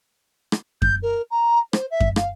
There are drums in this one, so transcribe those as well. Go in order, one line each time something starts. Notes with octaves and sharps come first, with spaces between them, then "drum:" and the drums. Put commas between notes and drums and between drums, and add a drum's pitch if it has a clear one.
drum: rim click
G6, drum: kick F#2
A#4
A#5
C5, drum: rim click
E5
drum: kick F#2
F5, drum: rim click